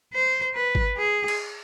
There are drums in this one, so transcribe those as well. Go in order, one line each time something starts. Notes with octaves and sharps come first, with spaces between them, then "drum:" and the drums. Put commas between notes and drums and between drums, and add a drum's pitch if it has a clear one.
C5
B4
drum: kick G#1
G#4
drum: cymbal